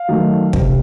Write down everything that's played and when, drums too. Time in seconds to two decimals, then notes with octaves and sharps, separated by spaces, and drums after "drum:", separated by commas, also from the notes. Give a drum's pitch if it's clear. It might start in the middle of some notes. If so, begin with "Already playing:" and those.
Already playing: F5
0.08 D#3 F#3 A3
0.53 C3, drum: kick